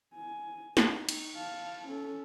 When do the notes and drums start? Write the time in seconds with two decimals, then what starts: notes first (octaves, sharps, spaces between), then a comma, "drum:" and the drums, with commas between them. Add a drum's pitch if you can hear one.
0.15 G#5
0.77 D#4, drum: snare
1.09 drum: cymbal
1.36 F5 A5
1.87 C#4 A4